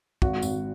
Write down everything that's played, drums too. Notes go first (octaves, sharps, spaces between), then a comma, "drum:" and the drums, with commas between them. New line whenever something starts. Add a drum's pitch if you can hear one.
G#1 F#4, drum: kick
G#1, drum: tambourine